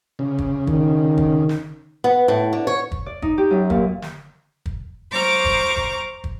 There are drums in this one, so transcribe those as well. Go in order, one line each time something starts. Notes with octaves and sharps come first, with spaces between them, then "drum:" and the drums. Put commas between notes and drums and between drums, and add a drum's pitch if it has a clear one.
C#3
drum: kick
D#3, drum: kick
drum: kick
drum: snare
B3
A2
D3
C#5
drum: kick
D5
D#4, drum: kick
G4
F#2
A#2, drum: kick
drum: snare
drum: kick
C5 A#5 C#6 D6 F6
drum: kick
drum: kick
drum: kick